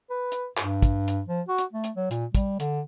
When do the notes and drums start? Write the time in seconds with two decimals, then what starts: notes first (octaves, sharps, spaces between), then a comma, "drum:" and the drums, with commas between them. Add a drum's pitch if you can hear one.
0.10 B4
0.32 drum: hi-hat
0.57 G2, drum: clap
0.82 drum: kick, hi-hat
1.08 drum: hi-hat
1.28 F3
1.48 F#4
1.58 drum: hi-hat
1.73 A3
1.84 drum: hi-hat
1.96 F#3
2.11 A#2, drum: hi-hat
2.35 G3, drum: kick, hi-hat
2.60 D3, drum: hi-hat